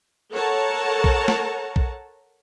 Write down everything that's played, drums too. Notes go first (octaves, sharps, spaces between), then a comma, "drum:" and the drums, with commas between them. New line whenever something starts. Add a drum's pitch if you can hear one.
A4 A#4 C#5 F#5 A5 A#5
drum: kick
drum: snare
drum: kick